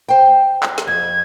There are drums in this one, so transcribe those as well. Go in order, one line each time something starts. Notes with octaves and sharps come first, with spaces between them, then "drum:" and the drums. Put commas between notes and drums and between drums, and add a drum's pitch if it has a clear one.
C5 G5
drum: clap
drum: snare
F2 G#6